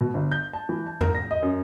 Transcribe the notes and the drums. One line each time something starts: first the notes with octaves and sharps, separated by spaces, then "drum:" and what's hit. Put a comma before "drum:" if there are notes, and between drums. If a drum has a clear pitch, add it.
B2
G1
G6
A5
E3
A5
A#4, drum: tom E2
A#6
D#5
F#2